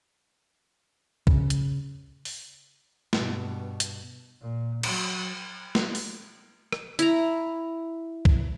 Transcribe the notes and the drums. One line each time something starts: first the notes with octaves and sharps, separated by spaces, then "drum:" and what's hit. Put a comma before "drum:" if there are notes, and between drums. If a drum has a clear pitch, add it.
C#3, drum: kick
drum: hi-hat
drum: open hi-hat
G2 B2, drum: snare
drum: hi-hat
A#2
F#3, drum: cymbal
drum: snare
drum: open hi-hat
drum: rim click
E4 A#5, drum: hi-hat
drum: kick